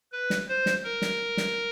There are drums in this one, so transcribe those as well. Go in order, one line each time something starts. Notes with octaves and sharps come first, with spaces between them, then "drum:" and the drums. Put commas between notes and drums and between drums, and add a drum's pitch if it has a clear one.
B4
drum: snare
C5
drum: snare
A#4
drum: snare
drum: snare